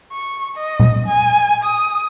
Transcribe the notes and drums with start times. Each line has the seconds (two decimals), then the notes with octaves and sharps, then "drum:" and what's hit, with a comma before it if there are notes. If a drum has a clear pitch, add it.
0.12 C#6
0.55 D#5
0.80 drum: tom A#2
1.06 G#5
1.63 D#6